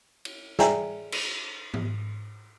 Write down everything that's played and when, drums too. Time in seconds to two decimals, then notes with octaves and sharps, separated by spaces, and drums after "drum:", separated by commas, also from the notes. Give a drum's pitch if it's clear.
0.25 drum: cymbal
0.59 G#4 D5 E5 G5 G#5 A#5, drum: snare
1.12 drum: cymbal
1.74 drum: tom